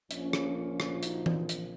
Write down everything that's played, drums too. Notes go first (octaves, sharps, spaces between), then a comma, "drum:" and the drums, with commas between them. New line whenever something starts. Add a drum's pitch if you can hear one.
A#1 A#2 F3 C#4, drum: hi-hat
drum: rim click
C#4 F4
drum: rim click
D#4 F#4, drum: hi-hat
drum: tom E3
drum: hi-hat